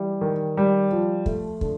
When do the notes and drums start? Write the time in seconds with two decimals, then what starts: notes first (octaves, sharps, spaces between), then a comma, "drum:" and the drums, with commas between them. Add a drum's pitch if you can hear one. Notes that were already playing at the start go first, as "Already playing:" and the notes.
Already playing: E3 G3
0.21 D#3
0.57 G3
0.92 F3
1.26 A3, drum: kick
1.61 D3, drum: kick